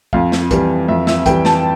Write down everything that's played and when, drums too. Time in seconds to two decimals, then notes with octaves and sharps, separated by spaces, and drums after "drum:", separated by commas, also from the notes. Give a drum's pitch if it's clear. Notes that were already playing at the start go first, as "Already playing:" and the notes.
0.13 F2 F5, drum: kick
0.32 drum: snare
0.51 E3 G3, drum: kick, hi-hat
0.88 F2 E5
1.07 E5, drum: snare
1.26 E3 G3 G5, drum: kick, hi-hat
1.45 A5, drum: snare